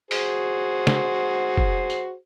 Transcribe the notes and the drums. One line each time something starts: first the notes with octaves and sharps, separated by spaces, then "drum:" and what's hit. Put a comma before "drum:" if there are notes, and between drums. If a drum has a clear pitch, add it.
F#4 G#4 C5, drum: open hi-hat
drum: snare
drum: kick
drum: tambourine